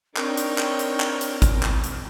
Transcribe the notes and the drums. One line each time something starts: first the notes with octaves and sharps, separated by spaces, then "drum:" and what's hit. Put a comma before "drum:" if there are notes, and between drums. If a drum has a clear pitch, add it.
C4 D4 D#4 A#4 C#5 G5, drum: clap
drum: hi-hat
drum: clap
drum: hi-hat
drum: clap
drum: hi-hat
drum: kick, hi-hat
drum: clap
drum: hi-hat